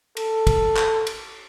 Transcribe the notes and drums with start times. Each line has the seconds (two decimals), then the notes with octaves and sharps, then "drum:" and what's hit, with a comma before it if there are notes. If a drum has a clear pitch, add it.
0.17 A4, drum: cymbal
0.47 drum: kick, cymbal
0.77 drum: clap
1.07 drum: cymbal